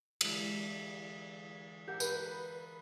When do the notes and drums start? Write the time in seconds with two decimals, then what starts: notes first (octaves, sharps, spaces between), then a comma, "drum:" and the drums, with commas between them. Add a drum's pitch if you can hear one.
0.21 D3 E3 G#3, drum: cymbal
1.88 G4 A#4 F#5 E6 G6
2.00 B4 B5, drum: tambourine